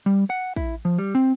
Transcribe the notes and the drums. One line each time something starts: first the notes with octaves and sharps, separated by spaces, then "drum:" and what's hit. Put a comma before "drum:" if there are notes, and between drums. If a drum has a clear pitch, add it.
G3
F#5
E4, drum: kick
F3
G3
C4